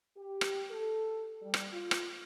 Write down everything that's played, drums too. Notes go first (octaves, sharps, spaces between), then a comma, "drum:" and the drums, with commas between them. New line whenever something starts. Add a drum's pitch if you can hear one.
G4
drum: rim click
A4
G3
drum: rim click
F4
drum: rim click